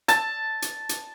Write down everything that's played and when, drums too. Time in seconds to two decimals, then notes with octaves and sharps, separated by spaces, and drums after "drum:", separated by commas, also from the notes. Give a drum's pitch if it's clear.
0.08 A5, drum: hi-hat
0.62 drum: hi-hat
0.89 drum: hi-hat